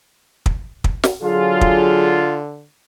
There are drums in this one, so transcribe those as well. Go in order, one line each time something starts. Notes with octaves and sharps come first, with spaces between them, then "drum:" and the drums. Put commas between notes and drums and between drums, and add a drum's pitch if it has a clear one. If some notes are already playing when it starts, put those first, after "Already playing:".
drum: kick
drum: kick
drum: snare
D3 F#3 F4 G#4
drum: kick